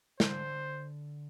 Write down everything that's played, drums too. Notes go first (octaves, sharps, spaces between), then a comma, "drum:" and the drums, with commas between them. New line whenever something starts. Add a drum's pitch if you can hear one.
D3 A4 C5, drum: snare